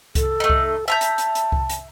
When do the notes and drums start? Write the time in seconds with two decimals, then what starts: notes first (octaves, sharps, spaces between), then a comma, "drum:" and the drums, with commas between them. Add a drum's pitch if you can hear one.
0.15 A4, drum: kick C2, hi-hat
0.40 A3 D#4
0.50 drum: kick C2
0.88 E5 A5 A#5 G6
1.01 drum: hi-hat
1.18 drum: hi-hat
1.35 drum: hi-hat
1.52 drum: kick C2
1.69 drum: hi-hat